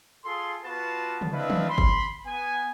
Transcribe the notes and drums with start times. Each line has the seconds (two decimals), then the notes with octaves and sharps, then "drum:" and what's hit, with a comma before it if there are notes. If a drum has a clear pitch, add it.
0.25 F4 G#4 A4 C6
0.65 B3 F4 F#4 B4 F5 A5
1.21 drum: tom C#3
1.32 C4 D4 E4 B4 D#5 F5
1.50 drum: tom D#3
1.69 B5 C6
1.78 drum: kick G1
2.26 B3 G#5